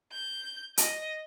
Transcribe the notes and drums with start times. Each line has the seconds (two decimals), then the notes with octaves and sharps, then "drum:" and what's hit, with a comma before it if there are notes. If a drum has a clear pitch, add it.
0.12 G6
0.78 D#5, drum: hi-hat